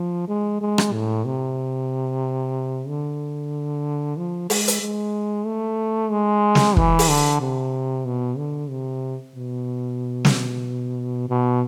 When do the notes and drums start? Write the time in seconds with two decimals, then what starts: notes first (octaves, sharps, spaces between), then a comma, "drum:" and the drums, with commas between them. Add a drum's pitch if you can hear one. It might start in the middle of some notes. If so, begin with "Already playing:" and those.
Already playing: F3
0.28 G#3
0.61 G#3
0.78 drum: rim click
0.93 A2
1.25 C3
2.88 D3
4.17 F3
4.50 G#3, drum: open hi-hat
4.68 drum: hi-hat
4.81 G#3
5.46 A3
6.11 G#3
6.55 drum: snare
6.77 E3, drum: kick
6.99 drum: open hi-hat
7.09 D3
7.41 C3
8.05 B2
8.38 D3
8.70 C3
9.36 B2
10.25 drum: snare
11.29 B2